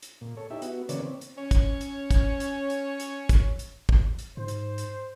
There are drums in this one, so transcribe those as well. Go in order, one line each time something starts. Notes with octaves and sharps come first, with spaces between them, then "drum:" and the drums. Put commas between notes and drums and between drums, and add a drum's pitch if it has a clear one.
drum: hi-hat
A#2
A4 C#5
D#4 E4 G4 E5
B3 F#4, drum: hi-hat
C#3 E3 A#3 B4 C#5 D5, drum: hi-hat
C4
drum: hi-hat
C#4 C#5
drum: kick, hi-hat
drum: hi-hat
drum: kick, hi-hat
drum: hi-hat
drum: hi-hat
drum: hi-hat
drum: kick, hi-hat
drum: hi-hat
drum: kick
drum: hi-hat
G#2 C5
drum: hi-hat
drum: hi-hat